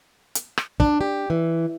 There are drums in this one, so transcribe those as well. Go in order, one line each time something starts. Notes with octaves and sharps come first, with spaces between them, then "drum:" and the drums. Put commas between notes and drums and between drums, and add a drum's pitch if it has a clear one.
drum: hi-hat
drum: rim click
D4, drum: kick
G4
E3